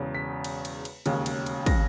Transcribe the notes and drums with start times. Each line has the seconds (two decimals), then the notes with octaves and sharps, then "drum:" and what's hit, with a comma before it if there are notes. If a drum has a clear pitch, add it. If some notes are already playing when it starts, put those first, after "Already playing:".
Already playing: E1 E2 C#3
0.14 B6
0.44 drum: cymbal
0.65 drum: cymbal
0.85 drum: cymbal
1.06 E1 D#2 C#3, drum: cymbal
1.26 drum: cymbal
1.46 drum: cymbal
1.66 A#6, drum: kick, cymbal